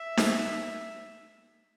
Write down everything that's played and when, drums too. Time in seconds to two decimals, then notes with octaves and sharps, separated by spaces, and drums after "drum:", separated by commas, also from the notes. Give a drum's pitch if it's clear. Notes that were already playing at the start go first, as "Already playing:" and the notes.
Already playing: E5
0.17 drum: snare D#4